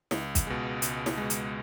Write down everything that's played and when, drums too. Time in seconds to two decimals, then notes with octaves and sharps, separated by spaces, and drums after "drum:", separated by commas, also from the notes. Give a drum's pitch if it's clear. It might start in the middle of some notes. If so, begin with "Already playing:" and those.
0.11 C#2, drum: snare
0.35 drum: kick, hi-hat
0.47 B2 G#3
0.82 C#2, drum: hi-hat
1.06 drum: snare
1.17 B2 G#3
1.30 drum: hi-hat